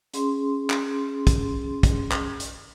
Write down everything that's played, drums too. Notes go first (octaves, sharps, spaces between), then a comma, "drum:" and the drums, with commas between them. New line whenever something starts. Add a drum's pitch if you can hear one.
C#4 G#4 C6, drum: hi-hat
drum: clap
drum: kick, hi-hat
drum: kick, hi-hat
drum: clap
drum: hi-hat